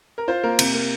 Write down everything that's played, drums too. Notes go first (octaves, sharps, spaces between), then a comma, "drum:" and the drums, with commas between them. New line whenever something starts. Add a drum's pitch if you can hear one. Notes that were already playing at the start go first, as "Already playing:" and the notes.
A#4
F4 C5
A#3 A#4
C3, drum: cymbal
A#3